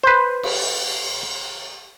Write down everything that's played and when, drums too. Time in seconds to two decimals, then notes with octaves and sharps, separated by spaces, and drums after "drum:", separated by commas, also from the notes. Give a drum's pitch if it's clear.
0.03 B4 C5
0.43 drum: cymbal